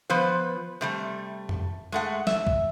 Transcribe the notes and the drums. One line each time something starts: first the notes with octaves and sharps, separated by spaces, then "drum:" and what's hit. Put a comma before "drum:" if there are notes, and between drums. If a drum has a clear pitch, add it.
F3 B3 B4 C5
C3 G3 A3
drum: tom F2
G#3 A3 F#5
E5, drum: snare
drum: kick C2